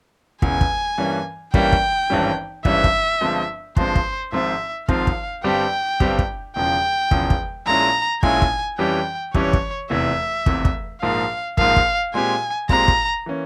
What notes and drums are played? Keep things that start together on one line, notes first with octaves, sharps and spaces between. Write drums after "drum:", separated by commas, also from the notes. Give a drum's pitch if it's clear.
E1 E2 C#3 G#5, drum: kick
drum: kick
G2 E3 G3 A#3 C#4
G2 E3 G3 A#3 C#4 G5, drum: kick
drum: kick
G#1 G2 E3 G3 C#4
G#1 G2 E3 G3 C#4 E5, drum: kick
drum: kick
G1 G2 F3 G#3 C4
G1 G2 F3 G#3 C4 C5, drum: kick
drum: kick
G#1 G#2 F3 C4 F4 E5
G#1 G#2 F3 C4 F4 F5, drum: kick
drum: kick
G1 G2 G3 C4 G4 G5
G1 G2 G3 C4 G4, drum: kick
drum: kick
E1 E2 C#3 F3 G5
E1 E2 C#3 F3, drum: kick
drum: kick
A#1 A#2 G#3 C#4 E4 A#5
A#1 A#2 G#3 C#4 E4 G#5, drum: kick
drum: kick
F2 E3 G3 C#4 G4 G5
F2 E3 G3 C#4 G4 C#5, drum: kick
drum: kick
F1 E2 C3 E3 E5
F1 E2 C3 E3, drum: kick
drum: kick
A#1 G#2 F3 A#3 F5
A#1 G#2 F3 A#3 F5, drum: kick
drum: kick
A#2 G#3 C4 G4 G#5
A#2 G#3 C4 G4 A#5, drum: kick
drum: kick
E3 A#3 C#4